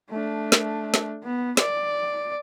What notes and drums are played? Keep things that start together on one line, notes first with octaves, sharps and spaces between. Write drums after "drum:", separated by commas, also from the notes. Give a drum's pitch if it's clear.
A3 D4
drum: snare
drum: snare
B3
D5, drum: snare